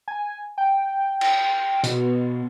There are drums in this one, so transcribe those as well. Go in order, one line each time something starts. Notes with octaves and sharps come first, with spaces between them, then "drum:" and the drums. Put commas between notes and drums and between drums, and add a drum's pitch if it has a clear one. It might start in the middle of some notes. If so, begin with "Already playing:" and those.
G#5
G5
drum: cymbal
B2, drum: hi-hat